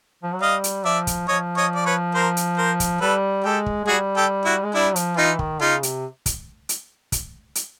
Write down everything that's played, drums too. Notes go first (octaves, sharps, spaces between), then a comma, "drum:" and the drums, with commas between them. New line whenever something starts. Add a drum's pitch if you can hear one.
F3
F#3
G3 D#5 F5
drum: hi-hat
F3 D5 E5
drum: kick, hi-hat
F3 C#5 D#5
C#5 D#5
D5
B4 C#5
A#4 C5
drum: hi-hat
A#4 C5
drum: kick, hi-hat
G3 A4 B4
G#3 G4 A4
drum: kick
G#3
G3 F#4 G#4
G4 A4
E4 F#4
G#3
G3 D4 E4
F3, drum: hi-hat
E3 D#4 F4
D#3, drum: kick
C#3 D#4 F4
C3, drum: hi-hat
drum: kick, hi-hat
drum: hi-hat
drum: kick, hi-hat
drum: hi-hat